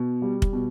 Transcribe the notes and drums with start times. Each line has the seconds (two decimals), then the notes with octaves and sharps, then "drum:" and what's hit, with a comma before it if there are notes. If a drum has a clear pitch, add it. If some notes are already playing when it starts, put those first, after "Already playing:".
Already playing: B2
0.22 G3
0.42 drum: kick
0.53 B2